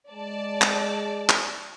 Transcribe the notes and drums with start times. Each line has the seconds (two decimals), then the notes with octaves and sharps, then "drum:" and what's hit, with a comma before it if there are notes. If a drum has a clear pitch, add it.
0.11 G#3 D5 A5
0.61 drum: clap
1.29 drum: clap